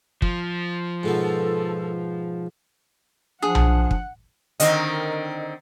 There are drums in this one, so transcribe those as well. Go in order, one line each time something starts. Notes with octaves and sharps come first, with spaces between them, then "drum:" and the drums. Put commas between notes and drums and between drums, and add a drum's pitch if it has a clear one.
F3, drum: kick
G#2 B2 B3 F4 A4
F3 D4 G#4 F#5
drum: tom B1
drum: kick
D3 D#3 C4 A#4 D#5, drum: hi-hat